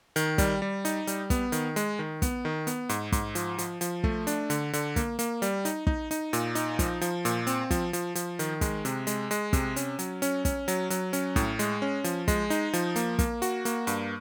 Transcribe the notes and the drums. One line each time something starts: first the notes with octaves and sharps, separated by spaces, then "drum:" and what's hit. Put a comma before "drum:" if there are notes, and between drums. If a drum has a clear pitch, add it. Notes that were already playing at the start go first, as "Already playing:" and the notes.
D#3, drum: hi-hat
G3, drum: kick, hi-hat
G3
D#4, drum: hi-hat
G3, drum: hi-hat
B3, drum: kick, hi-hat
D#3, drum: hi-hat
G#3, drum: hi-hat
D#3
B3, drum: kick, hi-hat
D#3
B3, drum: hi-hat
G#2, drum: hi-hat
G#2, drum: kick, hi-hat
F3, drum: hi-hat
F3, drum: hi-hat
F3, drum: hi-hat
A3, drum: kick
D4, drum: hi-hat
D3, drum: hi-hat
D3, drum: hi-hat
A#3, drum: kick, hi-hat
A#3, drum: hi-hat
G3, drum: hi-hat
D#4, drum: hi-hat
D#4, drum: kick
D#4, drum: hi-hat
A#2, drum: hi-hat
D#4, drum: hi-hat
F3, drum: kick, hi-hat
F3, drum: hi-hat
A#2, drum: hi-hat
C4, drum: hi-hat
F3, drum: kick, hi-hat
F3, drum: hi-hat
F3, drum: hi-hat
D#3, drum: hi-hat
G#3, drum: kick, hi-hat
C3, drum: hi-hat
G#3, drum: hi-hat
G#3, drum: hi-hat
C3, drum: kick, hi-hat
C#4, drum: hi-hat
F#3, drum: hi-hat
C#4, drum: hi-hat
C#4, drum: kick, hi-hat
F#3, drum: hi-hat
F#3, drum: hi-hat
C#4, drum: hi-hat
A2, drum: kick, hi-hat
G#3, drum: hi-hat
C#4
F3, drum: hi-hat
G#3, drum: kick, hi-hat
D#4, drum: hi-hat
F3, drum: hi-hat
A#3, drum: hi-hat
A#3, drum: kick, hi-hat
F#4, drum: hi-hat
A#3, drum: hi-hat
G2, drum: hi-hat